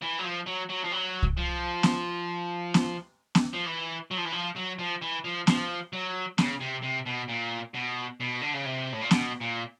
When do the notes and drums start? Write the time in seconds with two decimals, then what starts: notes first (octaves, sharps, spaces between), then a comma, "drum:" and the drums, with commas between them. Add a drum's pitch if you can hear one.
0.02 E3
0.19 F#3
0.24 F3
0.47 F#3
0.69 F#3
0.84 F3
0.92 F#3
1.23 drum: kick C2
1.37 F3
1.83 drum: snare B3
2.74 drum: snare B3
3.35 drum: snare B3
3.53 F3
3.66 E3
4.11 F#3
4.17 F3
4.25 E3
4.32 F3
4.56 F#3
4.79 F3
5.02 E3
5.25 F3
5.47 F3, drum: snare B3
5.93 F#3
6.38 C#3, drum: snare B3
6.61 C3
6.83 C3
7.07 B2
7.29 A#2
7.74 B2
8.20 B2
8.41 D3
8.54 C#3
8.65 C3
8.93 A2
9.02 A#2
9.11 B2, drum: snare B3
9.41 A#2